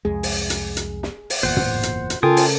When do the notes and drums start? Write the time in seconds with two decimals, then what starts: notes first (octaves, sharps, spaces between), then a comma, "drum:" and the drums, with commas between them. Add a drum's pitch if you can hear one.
0.05 C2 F2 G#3 G#4
0.23 drum: open hi-hat
0.50 drum: hi-hat
0.77 drum: hi-hat
1.03 drum: snare
1.30 drum: open hi-hat
1.43 F#1 E2 A#2 C5 F#5
1.57 drum: tom
1.83 drum: hi-hat
2.10 drum: hi-hat
2.23 C#3 F4 A4 A#4 G5 G#5 D#6
2.37 drum: open hi-hat